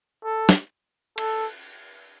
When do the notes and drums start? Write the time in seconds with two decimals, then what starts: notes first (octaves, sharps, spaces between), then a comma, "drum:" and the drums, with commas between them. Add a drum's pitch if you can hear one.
0.24 A4
0.49 drum: snare
1.18 A4, drum: cymbal